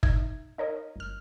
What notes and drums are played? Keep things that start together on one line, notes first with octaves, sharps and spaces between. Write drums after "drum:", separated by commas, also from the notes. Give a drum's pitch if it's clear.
D#4 E5 G#6, drum: kick
D#4 A#4 C#5 D#5
G1 F6